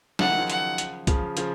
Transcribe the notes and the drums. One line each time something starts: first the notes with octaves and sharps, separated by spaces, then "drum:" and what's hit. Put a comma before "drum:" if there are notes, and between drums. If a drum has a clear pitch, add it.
C#3 F3 F#5, drum: snare
D#3 F#3
C#3 F3
F#5, drum: hi-hat
drum: hi-hat
C#3 F3, drum: kick, hi-hat
C#3 F3, drum: hi-hat